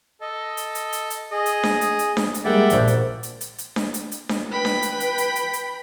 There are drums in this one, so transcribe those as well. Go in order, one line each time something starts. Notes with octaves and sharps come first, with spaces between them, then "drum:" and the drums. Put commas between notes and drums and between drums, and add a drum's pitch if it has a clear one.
A4 D#5
drum: hi-hat
drum: hi-hat
drum: hi-hat
drum: hi-hat
G#4 D#5
drum: hi-hat
drum: snare D4
drum: hi-hat
drum: hi-hat
drum: snare D4
drum: hi-hat
G3 G#3 A#3 D5 E5 F#5 G5
A#1 F3 A#4, drum: hi-hat
drum: hi-hat
drum: hi-hat
drum: hi-hat
drum: hi-hat
drum: snare D4
drum: hi-hat
drum: hi-hat
drum: snare D4
B4 G5 B5
drum: snare D4
drum: hi-hat
drum: hi-hat
drum: hi-hat
drum: hi-hat
drum: hi-hat